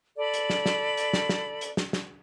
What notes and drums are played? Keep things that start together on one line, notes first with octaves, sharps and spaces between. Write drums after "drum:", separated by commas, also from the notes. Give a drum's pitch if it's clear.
A4 D5 B5
drum: hi-hat
drum: snare
drum: snare
drum: hi-hat
drum: snare
drum: snare
drum: hi-hat
drum: snare
drum: snare